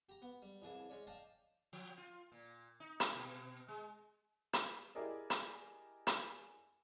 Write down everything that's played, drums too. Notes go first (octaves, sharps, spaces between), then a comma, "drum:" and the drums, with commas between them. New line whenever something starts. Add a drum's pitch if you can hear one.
G4 A#5
B3
G3
C2 E3 G#4 A5
G#3 C#4 D5
D5 D#5 F5 G5 A5
F3
F4
A#2
D#4
drum: hi-hat
B2
G#3
drum: hi-hat
E4 G4 G#4 A#4 D5 D#5
drum: hi-hat
drum: hi-hat